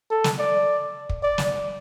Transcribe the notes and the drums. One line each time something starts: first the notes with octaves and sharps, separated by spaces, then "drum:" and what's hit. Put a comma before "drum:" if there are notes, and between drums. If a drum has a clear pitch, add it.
A4
drum: snare
D5
drum: kick
D5
drum: snare